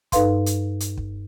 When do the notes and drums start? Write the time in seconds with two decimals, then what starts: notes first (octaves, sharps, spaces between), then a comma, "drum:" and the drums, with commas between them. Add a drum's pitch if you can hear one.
0.12 G2 D#4 A4 B4 F5 C6, drum: kick, hi-hat
0.46 drum: hi-hat
0.80 drum: hi-hat
0.97 drum: kick